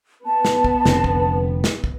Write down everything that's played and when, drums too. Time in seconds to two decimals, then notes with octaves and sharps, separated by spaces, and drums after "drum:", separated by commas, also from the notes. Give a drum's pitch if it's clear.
0.25 B3 A5
0.45 drum: snare
0.64 drum: kick
0.86 F1 D3 C4, drum: snare
1.04 drum: kick
1.64 drum: snare
1.84 drum: kick